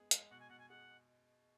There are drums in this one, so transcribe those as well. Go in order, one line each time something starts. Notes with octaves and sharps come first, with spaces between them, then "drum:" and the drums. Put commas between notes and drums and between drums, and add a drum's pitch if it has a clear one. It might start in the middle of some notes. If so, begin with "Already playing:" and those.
Already playing: G#3 B3 G#4
G#3, drum: hi-hat
B2 F#5
G#5
B2 F#5
G#5
G#4 F#5